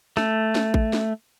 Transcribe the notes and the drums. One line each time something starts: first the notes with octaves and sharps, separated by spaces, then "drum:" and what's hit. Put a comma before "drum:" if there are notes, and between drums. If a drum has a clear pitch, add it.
A3, drum: snare
drum: snare
drum: kick A1
drum: snare